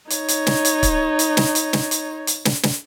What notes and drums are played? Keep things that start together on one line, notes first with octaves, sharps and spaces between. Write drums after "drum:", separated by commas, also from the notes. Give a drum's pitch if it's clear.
D#4 C#5, drum: hi-hat
drum: hi-hat
drum: snare
drum: hi-hat
drum: kick C#1, hi-hat
drum: hi-hat
drum: snare
drum: hi-hat
drum: snare
drum: hi-hat
drum: hi-hat
drum: snare
drum: snare